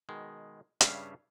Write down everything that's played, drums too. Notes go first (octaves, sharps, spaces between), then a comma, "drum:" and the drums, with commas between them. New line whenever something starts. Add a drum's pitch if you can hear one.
B2 D#3 G#3
G2 C#3 G3 C#4 E5 F5, drum: hi-hat